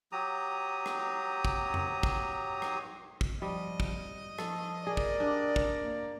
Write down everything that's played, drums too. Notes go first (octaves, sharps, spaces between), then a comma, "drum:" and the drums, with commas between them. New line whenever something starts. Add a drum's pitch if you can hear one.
F#3 G4 A#5 D#6
drum: rim click
drum: kick
drum: tom F2
drum: kick
drum: rim click
drum: kick
F3 G3 D#5
drum: kick
F3 A4, drum: rim click
G#4 A#4 D5
drum: kick
D4 G4
drum: kick
A#3